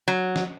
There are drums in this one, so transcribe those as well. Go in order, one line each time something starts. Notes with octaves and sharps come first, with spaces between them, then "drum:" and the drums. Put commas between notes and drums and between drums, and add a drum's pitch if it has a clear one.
F#3
drum: snare